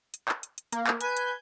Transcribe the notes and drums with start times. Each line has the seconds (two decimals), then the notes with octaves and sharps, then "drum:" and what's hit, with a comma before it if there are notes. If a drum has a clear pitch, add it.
0.14 drum: hi-hat
0.28 drum: clap
0.43 drum: hi-hat
0.58 drum: hi-hat
0.73 A#3, drum: hi-hat
0.87 drum: clap
1.01 B4 G#5 G6, drum: hi-hat
1.17 drum: hi-hat